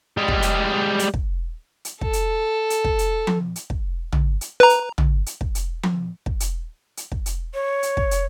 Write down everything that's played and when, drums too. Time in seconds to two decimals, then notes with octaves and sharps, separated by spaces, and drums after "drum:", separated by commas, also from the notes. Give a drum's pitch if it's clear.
0.17 G3 G#3
0.28 drum: kick
0.42 drum: hi-hat
0.99 drum: hi-hat
1.14 drum: kick
1.85 drum: hi-hat
2.01 A4, drum: kick
2.13 drum: hi-hat
2.70 drum: hi-hat
2.84 drum: kick
2.99 drum: hi-hat
3.27 drum: tom F3
3.56 drum: hi-hat
3.70 drum: kick
4.13 drum: tom
4.41 drum: hi-hat
4.60 B4 A#5
4.69 drum: hi-hat
4.98 drum: tom
5.26 drum: hi-hat
5.41 drum: kick
5.55 drum: hi-hat
5.83 drum: tom F3
6.26 drum: kick
6.40 drum: hi-hat
6.97 drum: hi-hat
7.12 drum: kick
7.26 drum: hi-hat
7.54 C#5
7.83 drum: hi-hat
7.97 drum: kick
8.11 drum: hi-hat